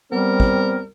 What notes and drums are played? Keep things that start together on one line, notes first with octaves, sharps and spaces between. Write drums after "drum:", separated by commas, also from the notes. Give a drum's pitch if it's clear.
G3 B3 C4 A#4
drum: kick